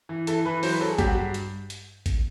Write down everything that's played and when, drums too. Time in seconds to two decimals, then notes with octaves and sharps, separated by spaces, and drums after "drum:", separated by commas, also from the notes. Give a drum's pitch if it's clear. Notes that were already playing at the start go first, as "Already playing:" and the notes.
0.09 E3
0.27 E3 A4, drum: hi-hat
0.45 E3 B4
0.63 F#3 C5, drum: open hi-hat
0.72 B4
0.81 F#3 A4
0.90 G#4
0.98 G2 G4, drum: kick, hi-hat
1.07 F#4
1.34 drum: hi-hat
1.70 drum: hi-hat
2.06 drum: kick, hi-hat